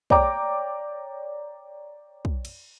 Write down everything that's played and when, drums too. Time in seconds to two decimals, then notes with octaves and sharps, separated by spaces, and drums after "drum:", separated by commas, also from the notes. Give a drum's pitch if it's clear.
0.10 C#5 D5 G5 A#5 D6, drum: kick
2.25 drum: kick
2.45 drum: cymbal